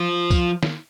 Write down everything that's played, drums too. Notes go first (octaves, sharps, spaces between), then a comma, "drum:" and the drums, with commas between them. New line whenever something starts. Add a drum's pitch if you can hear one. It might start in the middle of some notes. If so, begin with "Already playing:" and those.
Already playing: F3
drum: kick C2, tambourine
drum: snare